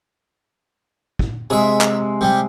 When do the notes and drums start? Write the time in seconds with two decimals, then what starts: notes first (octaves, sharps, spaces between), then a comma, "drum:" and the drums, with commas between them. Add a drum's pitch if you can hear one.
1.19 drum: kick
1.50 C3 G#3 G#4 E5
1.81 drum: clap
2.21 C3 G3